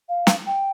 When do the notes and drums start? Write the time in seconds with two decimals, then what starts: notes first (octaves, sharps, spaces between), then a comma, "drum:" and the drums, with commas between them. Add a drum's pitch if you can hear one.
0.09 F5
0.27 drum: snare
0.46 G5